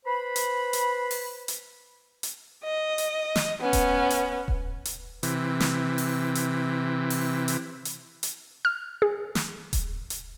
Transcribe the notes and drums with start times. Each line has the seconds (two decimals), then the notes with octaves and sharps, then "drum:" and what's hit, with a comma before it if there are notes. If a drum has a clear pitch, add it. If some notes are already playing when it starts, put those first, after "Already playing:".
0.06 B4 C5 B5
0.36 drum: hi-hat
0.73 drum: hi-hat
1.11 drum: open hi-hat
1.48 drum: hi-hat
2.23 drum: hi-hat
2.64 D#5
2.98 drum: hi-hat
3.36 drum: snare
3.61 B3 C#4
3.73 drum: kick D#1, hi-hat
4.10 drum: hi-hat
4.48 drum: kick D#1
4.85 drum: hi-hat
5.23 C3 E3, drum: hi-hat
5.60 drum: snare
5.98 drum: open hi-hat
6.35 drum: hi-hat
7.10 drum: open hi-hat
7.48 drum: hi-hat
7.85 drum: hi-hat
8.23 drum: hi-hat
8.65 F6
9.02 G#4
9.35 drum: snare
9.73 drum: kick D#1, hi-hat
10.10 drum: hi-hat